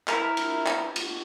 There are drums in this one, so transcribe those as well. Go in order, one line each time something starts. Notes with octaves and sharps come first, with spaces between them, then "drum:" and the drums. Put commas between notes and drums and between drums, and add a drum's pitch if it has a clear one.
E4 A#4, drum: clap
drum: cymbal
drum: clap
drum: cymbal